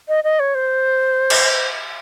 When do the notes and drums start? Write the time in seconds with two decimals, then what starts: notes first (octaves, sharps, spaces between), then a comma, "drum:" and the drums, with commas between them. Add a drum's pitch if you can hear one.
0.08 D#5
0.24 D#5
0.40 C#5
0.55 C5
1.30 drum: cymbal